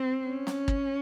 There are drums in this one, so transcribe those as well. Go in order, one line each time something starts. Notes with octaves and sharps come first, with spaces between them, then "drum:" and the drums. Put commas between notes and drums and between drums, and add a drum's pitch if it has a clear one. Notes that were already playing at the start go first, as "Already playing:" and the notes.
Already playing: C4
C#4
drum: snare
drum: kick